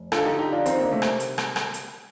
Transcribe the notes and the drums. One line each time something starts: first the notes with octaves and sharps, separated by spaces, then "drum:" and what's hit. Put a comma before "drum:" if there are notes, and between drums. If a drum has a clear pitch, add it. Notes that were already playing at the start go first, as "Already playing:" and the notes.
Already playing: F1
D3 F4 A4, drum: rim click
D#4 G4
D3 D#4 G4
D4 F4
D#3 C4 D#4, drum: hi-hat
A#3 D4
C3 A3 C4
drum: rim click
drum: hi-hat
drum: rim click
drum: rim click
drum: hi-hat